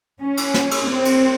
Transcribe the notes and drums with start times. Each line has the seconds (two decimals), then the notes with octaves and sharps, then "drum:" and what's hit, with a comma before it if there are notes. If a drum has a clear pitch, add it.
0.20 C#4
0.37 drum: cymbal
0.54 drum: snare
0.71 drum: cymbal
0.88 C4
1.05 drum: cymbal